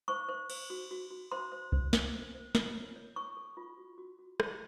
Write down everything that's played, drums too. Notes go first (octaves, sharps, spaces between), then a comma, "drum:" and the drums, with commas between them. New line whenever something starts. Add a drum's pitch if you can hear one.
C5 C#6
C5
C5, drum: cymbal
F#4
F#4
F#4
C5 C6
C5
C5, drum: kick C2
C5, drum: snare
C5
C5
F4, drum: snare
C#5
C#5
C#5 C#6
A4
F4
F#4
F#4
F#4
C5, drum: rim click